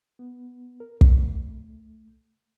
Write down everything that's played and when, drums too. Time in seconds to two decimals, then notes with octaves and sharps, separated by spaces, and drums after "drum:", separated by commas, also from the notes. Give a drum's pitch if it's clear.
0.19 B3
0.80 A#4
1.01 A3, drum: kick